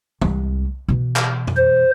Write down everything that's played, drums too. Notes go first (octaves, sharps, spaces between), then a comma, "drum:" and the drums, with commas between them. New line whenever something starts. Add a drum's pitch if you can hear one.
C2 G#3, drum: tom
B2 E3
drum: clap
drum: tom F2
C5